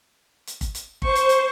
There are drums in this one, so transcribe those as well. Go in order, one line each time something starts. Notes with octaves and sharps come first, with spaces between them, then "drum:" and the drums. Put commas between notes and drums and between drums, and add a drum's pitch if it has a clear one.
drum: hi-hat
drum: kick, hi-hat
drum: hi-hat
C5 C#6, drum: kick
drum: hi-hat
drum: hi-hat